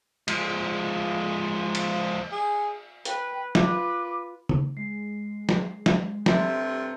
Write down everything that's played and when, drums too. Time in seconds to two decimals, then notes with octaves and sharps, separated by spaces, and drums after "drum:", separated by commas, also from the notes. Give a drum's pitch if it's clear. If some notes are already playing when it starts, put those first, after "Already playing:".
0.28 F3 G#3, drum: cymbal
1.75 drum: cymbal
2.32 G#4
3.05 B4 G5, drum: hi-hat
3.55 F4 B4 D6, drum: snare
4.49 drum: tom
4.77 G#3 C7
5.49 drum: snare
5.86 drum: snare
6.26 G2 C3 A3 E5 A5 C6, drum: snare